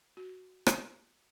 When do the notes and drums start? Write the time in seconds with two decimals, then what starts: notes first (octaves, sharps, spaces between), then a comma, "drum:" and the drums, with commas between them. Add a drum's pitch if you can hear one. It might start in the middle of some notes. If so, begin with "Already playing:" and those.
0.17 F#4
0.66 drum: rim click